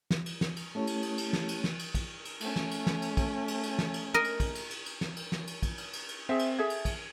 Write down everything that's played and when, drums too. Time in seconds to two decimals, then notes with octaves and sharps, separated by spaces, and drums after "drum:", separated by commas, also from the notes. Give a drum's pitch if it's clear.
0.11 drum: snare
0.26 drum: cymbal
0.41 drum: snare
0.57 drum: cymbal
0.75 A3 C#4 E4 G4 C#5 A5
0.87 drum: cymbal
1.03 drum: cymbal
1.18 drum: cymbal
1.33 drum: snare
1.49 drum: cymbal
1.64 drum: snare
1.79 drum: cymbal
1.95 drum: kick, cymbal
2.25 drum: cymbal
2.41 A3 C#4, drum: cymbal
2.56 drum: snare
2.71 drum: cymbal
2.87 drum: snare
3.02 drum: cymbal
3.17 drum: kick, cymbal
3.48 drum: cymbal
3.63 drum: cymbal
3.79 drum: snare
3.94 drum: cymbal
4.14 A#4 D#5
4.25 drum: cymbal
4.40 drum: kick, cymbal
4.55 drum: cymbal
4.71 drum: cymbal
4.86 drum: cymbal
5.01 drum: snare
5.17 drum: cymbal
5.32 drum: snare
5.47 drum: cymbal
5.63 drum: kick, cymbal
5.78 drum: cymbal
5.93 drum: cymbal
6.09 drum: cymbal
6.29 C4 G#4 E5
6.39 drum: cymbal
6.59 G#4 A4 E5 G#6
6.70 drum: cymbal
6.85 drum: kick, cymbal